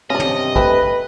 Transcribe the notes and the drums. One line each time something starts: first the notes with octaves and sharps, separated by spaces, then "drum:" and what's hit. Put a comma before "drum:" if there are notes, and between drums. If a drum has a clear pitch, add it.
G2 C3 C#4 D4 D#5
drum: tom
A3 C4 B4, drum: kick